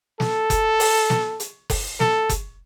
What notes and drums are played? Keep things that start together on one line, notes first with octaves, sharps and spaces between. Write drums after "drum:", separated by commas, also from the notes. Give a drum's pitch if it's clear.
A4, drum: snare
drum: kick F#1, hi-hat
drum: open hi-hat
drum: snare
drum: hi-hat
drum: kick F#1, open hi-hat
A4, drum: snare
drum: kick F#1, hi-hat